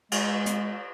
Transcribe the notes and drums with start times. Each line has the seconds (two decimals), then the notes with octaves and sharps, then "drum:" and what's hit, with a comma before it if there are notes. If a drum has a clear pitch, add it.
0.12 G#3, drum: cymbal
0.46 drum: hi-hat